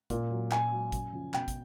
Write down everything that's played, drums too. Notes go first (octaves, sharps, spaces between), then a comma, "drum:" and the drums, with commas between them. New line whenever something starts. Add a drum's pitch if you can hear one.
A#2, drum: kick, hi-hat
F#3
A#2 G#5, drum: clap
F#3
F#2, drum: kick, hi-hat
C#3 F3
B2 G5, drum: clap
drum: kick, hi-hat